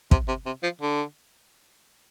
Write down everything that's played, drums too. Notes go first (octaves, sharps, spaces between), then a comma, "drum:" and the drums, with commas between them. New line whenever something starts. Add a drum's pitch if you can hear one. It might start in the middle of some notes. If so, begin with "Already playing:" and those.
C3, drum: kick
C3
C3
F3
D3